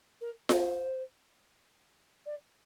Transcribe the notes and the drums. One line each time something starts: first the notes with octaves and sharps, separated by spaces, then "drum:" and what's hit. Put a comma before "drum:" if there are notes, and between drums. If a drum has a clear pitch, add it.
A#4
C5, drum: snare F4
D5